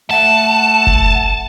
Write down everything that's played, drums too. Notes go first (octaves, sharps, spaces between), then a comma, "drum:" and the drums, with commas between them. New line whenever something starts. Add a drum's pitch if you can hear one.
A3 F#5 A5
drum: kick F1